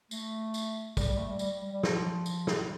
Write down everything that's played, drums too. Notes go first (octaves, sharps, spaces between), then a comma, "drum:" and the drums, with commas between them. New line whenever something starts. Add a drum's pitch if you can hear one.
A3, drum: tambourine
drum: tambourine
G3, drum: kick, tambourine
G3
A3
G3
G3, drum: tambourine
G3
G3
F3, drum: snare
drum: tambourine
drum: snare